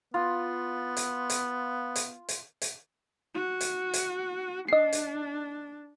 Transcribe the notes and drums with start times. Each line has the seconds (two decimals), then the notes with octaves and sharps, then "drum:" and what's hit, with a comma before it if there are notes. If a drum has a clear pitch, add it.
0.14 B3 F4
0.97 drum: hi-hat
1.30 drum: hi-hat
1.96 drum: hi-hat
2.29 drum: hi-hat
2.62 drum: hi-hat
3.34 F#4
3.61 drum: hi-hat
3.94 drum: hi-hat
4.68 D4 D#5 C7
4.93 drum: hi-hat